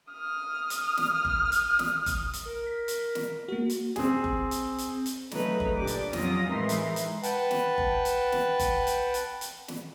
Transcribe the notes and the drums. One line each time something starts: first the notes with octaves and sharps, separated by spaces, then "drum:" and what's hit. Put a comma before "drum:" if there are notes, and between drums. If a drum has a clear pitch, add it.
D#6 F6
drum: hi-hat
drum: snare
drum: kick F#1
drum: hi-hat
drum: snare
drum: kick F#1, hi-hat
drum: hi-hat
A#4
B6
drum: hi-hat
drum: snare
A#3 F#4
drum: hi-hat
C4 G#4, drum: snare
drum: kick F#1
drum: hi-hat
drum: hi-hat
drum: hi-hat
C#3 F#3 A3 D#4 B4, drum: snare
drum: kick F#1
A#2 D4 G4 D6
drum: hi-hat
F2 F#3 C#4 F4 D#6 A#6, drum: snare
A2 E3 G#3 D#4 A#4 C6
drum: hi-hat
drum: hi-hat
B4 F#5 G5 A5, drum: hi-hat
drum: snare
drum: kick F#1
drum: hi-hat
drum: snare
drum: kick F#1, hi-hat
drum: hi-hat
drum: hi-hat
drum: hi-hat
drum: snare